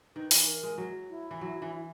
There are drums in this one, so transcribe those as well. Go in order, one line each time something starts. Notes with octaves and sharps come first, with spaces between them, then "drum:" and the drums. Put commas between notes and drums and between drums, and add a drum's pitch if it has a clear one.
D#3 B4
E3, drum: open hi-hat
A#4
G#3
F#3
E4
E3
F#3
E3